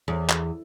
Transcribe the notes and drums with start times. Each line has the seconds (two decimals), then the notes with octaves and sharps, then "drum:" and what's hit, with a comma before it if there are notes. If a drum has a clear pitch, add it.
0.08 E2
0.29 drum: clap